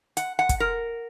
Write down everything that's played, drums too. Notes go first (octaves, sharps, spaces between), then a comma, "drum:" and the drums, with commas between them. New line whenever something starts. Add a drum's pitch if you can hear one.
F#5, drum: hi-hat
F#5
drum: kick, hi-hat
A#4